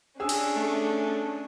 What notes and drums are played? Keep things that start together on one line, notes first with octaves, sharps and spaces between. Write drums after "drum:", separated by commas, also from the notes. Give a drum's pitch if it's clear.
C#4 D4 G#4 E6
drum: cymbal
A3